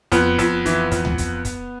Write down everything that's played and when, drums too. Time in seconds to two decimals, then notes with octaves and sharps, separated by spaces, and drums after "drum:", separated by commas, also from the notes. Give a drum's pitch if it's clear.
0.12 F2 B3, drum: kick, hi-hat
0.39 F2, drum: kick, hi-hat
0.66 E3, drum: kick, hi-hat
0.91 F2, drum: kick, hi-hat
1.05 drum: tom D2
1.18 drum: kick, hi-hat
1.45 drum: kick, hi-hat